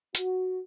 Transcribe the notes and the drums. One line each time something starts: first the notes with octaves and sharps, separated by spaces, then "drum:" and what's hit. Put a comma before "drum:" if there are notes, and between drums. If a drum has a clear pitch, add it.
F#4, drum: hi-hat